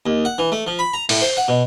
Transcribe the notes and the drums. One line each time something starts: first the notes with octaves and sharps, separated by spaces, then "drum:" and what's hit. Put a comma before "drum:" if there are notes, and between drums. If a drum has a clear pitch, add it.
D#2
F#5
E3
A3
F3
B5
A#5
A2, drum: open hi-hat
C5
F#5
B2